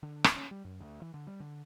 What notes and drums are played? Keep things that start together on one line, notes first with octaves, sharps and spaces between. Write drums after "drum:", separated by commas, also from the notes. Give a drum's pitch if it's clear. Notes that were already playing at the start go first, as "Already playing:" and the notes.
D3
D1, drum: rim click
C#4
G3
F#2
D2
E3
D3
G3
D3